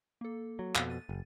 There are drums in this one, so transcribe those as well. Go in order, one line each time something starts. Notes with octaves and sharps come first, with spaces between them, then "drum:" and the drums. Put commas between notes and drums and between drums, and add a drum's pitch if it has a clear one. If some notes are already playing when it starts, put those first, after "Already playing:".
A#3 A4
F#3
F2 B2, drum: clap
A6 D#7
F#1